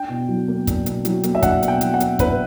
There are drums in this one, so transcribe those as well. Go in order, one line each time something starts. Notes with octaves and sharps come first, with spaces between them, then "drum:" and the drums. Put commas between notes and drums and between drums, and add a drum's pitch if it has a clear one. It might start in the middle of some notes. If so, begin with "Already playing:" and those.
Already playing: D4 G5
B2
F#3
A#3
D4, drum: kick, hi-hat
B2, drum: hi-hat
F#3, drum: hi-hat
A#3, drum: hi-hat
E5
D4 F#5, drum: kick, hi-hat
B2, drum: hi-hat
G5
F#3, drum: hi-hat
F#5
A#3, drum: hi-hat
D4 B4, drum: kick, hi-hat